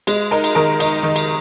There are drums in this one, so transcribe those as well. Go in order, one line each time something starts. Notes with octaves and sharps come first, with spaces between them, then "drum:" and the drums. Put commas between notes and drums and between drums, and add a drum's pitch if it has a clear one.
G#3, drum: cymbal
D#4 A#4
drum: cymbal
D#3 A#4
D#4, drum: cymbal
D#3
drum: cymbal